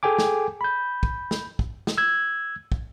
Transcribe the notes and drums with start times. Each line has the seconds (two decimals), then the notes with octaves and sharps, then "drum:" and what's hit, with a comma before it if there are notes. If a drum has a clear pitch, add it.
0.03 G#4 A4 G5 G#5 D6
0.18 drum: snare
0.61 B5 G6
1.03 drum: kick
1.31 drum: snare
1.59 drum: kick
1.87 drum: snare
1.98 E6 G#6
2.72 drum: kick